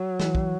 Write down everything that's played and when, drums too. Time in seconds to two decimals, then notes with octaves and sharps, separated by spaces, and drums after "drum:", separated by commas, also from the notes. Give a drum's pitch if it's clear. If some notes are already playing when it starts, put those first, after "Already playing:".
Already playing: F#3
0.20 E3, drum: snare
0.35 drum: kick